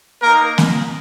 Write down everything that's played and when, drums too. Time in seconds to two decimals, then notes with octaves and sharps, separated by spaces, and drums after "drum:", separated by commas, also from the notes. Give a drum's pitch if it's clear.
0.22 A#3 D#4 A#4
0.58 drum: snare A#3